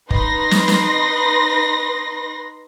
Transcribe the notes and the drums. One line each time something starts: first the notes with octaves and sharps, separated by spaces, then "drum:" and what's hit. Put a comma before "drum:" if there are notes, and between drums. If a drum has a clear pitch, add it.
D#4 B4 C6 A#6, drum: kick
drum: snare
drum: snare